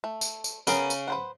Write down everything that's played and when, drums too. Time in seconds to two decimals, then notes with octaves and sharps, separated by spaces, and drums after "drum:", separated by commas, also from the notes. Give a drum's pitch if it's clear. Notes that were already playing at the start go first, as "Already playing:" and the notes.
0.04 A3
0.21 drum: tambourine
0.44 drum: tambourine
0.67 C#3 B3 G#4 A#4, drum: tambourine
0.90 drum: tambourine
1.08 B4 C5 F#5